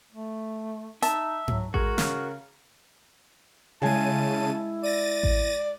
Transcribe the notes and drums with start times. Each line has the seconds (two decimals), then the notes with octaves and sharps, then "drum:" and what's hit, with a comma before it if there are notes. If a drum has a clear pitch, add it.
0.12 A3
1.02 D#4 E5 A5, drum: hi-hat
1.48 F#3, drum: tom G#2
1.74 G#3 F#4 A#4, drum: kick A1
1.98 C#3, drum: snare
3.82 C#3 G#3 E4 G#5 A5 C7 D#7
4.83 D5 A6 A#6 D#7
5.23 drum: kick A1